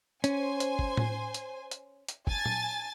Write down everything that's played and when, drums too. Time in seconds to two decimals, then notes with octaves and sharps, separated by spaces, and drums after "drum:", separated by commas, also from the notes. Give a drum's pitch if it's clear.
0.24 C#4 C5 G#5, drum: hi-hat
0.60 drum: hi-hat
0.79 drum: kick
0.97 drum: tom A2
1.34 drum: hi-hat
1.71 drum: hi-hat
2.09 drum: hi-hat
2.27 G#5 A5 A6, drum: kick
2.46 drum: tom A#2